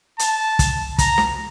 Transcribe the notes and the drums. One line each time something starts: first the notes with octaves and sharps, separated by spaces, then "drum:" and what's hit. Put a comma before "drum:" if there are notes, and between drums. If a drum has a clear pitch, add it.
A5, drum: hi-hat
drum: kick, hi-hat
A#5, drum: kick, hi-hat
drum: snare